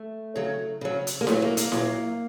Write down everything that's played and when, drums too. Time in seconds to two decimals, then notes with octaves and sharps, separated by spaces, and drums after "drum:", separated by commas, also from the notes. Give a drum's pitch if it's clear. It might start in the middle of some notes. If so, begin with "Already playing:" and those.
Already playing: A3
0.36 C#3 F#3
0.81 C#3 F#3
1.07 drum: hi-hat
1.21 A#3
1.27 A#2 F#3 A3, drum: snare E4
1.42 A#3
1.57 A#3, drum: hi-hat
1.72 A#2 F#3, drum: snare E4